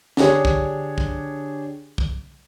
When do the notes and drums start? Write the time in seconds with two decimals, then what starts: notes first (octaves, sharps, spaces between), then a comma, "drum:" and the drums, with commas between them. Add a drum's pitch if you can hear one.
0.17 D3 D4 G4 G#4 C#5, drum: snare
0.45 drum: kick
0.98 drum: kick
1.98 drum: kick